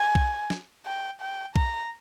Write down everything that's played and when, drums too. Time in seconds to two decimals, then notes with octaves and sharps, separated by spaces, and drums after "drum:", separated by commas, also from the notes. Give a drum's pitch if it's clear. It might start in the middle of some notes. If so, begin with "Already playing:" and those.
Already playing: G#5
0.15 drum: kick B1
0.50 drum: snare
0.86 G5
1.21 G5
1.56 A#5, drum: kick B1